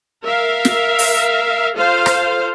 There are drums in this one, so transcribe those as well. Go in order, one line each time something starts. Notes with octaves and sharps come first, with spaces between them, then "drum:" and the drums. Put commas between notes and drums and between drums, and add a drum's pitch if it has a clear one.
A#4 E5 F5
drum: snare
drum: open hi-hat
F4 A4 C5 F5
drum: rim click